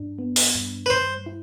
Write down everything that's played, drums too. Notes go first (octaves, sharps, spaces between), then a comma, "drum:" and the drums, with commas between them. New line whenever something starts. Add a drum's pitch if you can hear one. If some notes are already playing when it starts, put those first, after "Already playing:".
Already playing: G2 D4
B3
drum: open hi-hat
G2
B4
G2 C5
E4